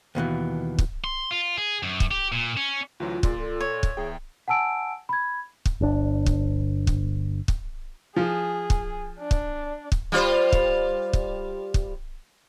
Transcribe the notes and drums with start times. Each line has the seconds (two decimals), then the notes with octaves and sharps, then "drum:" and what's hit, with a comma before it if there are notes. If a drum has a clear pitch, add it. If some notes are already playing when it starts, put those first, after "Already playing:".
0.15 D#2 B2 D3 E3
0.79 drum: kick
1.04 C6
1.31 F4
1.57 G#4
1.83 F#2
2.00 drum: kick
2.11 G4
2.32 A#2
2.57 C#4
3.00 D2 E3 F#3 F4
3.23 A#2 G#4 D5 C6, drum: kick
3.38 A4
3.61 C#5
3.83 drum: kick
3.97 E2 G#4 E5 G5
4.48 F#5 G#5 A5 E6 D7
5.09 B5 G#6
5.66 drum: kick
5.81 G1 D4
6.26 drum: kick
6.87 drum: kick
7.48 drum: kick
8.16 F3 G#4
8.70 drum: kick
9.20 D4
9.31 drum: kick
9.92 drum: kick
10.12 G3 F4 C5
10.53 drum: kick
11.13 drum: kick
11.74 drum: kick